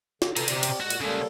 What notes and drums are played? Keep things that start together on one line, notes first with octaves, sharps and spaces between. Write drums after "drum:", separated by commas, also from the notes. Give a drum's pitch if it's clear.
D3, drum: snare
C3 A4 B4 A#5, drum: cymbal
C4 G4 D5, drum: cymbal
drum: cymbal
A#2 G#3 F#4
drum: cymbal
C#3 G3 G#3 A#3 A4